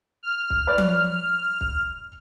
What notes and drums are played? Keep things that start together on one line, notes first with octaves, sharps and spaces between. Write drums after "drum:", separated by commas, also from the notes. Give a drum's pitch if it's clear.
F6
drum: kick
B4 C#5 D5
drum: tom F3
drum: kick